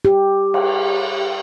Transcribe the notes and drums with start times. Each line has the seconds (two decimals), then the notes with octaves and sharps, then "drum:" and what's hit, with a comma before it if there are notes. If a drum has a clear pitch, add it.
0.05 G4
0.54 drum: cymbal